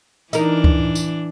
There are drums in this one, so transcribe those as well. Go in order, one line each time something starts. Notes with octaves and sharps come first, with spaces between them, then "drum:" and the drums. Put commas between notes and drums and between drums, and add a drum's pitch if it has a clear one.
E3 D4 D#4 A#4, drum: tambourine
drum: kick C#2
drum: tambourine